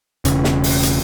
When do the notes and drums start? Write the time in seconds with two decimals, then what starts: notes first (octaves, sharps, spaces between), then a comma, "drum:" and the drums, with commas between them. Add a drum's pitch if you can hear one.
0.25 E1 C#3, drum: hi-hat
0.44 drum: snare
0.64 drum: open hi-hat
0.83 drum: hi-hat